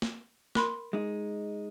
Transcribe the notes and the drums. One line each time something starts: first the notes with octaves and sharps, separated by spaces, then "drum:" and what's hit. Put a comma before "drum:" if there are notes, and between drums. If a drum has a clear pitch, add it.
drum: snare
A#4 B5 C6, drum: snare
G#3 D#4